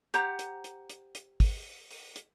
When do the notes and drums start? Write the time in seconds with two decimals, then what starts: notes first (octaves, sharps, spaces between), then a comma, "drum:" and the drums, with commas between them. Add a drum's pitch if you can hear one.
0.14 G4 C5 F#5 A#5, drum: hi-hat
0.39 drum: hi-hat
0.64 drum: hi-hat
0.90 drum: hi-hat
1.15 drum: hi-hat
1.40 drum: kick, open hi-hat
1.91 drum: open hi-hat
2.16 drum: hi-hat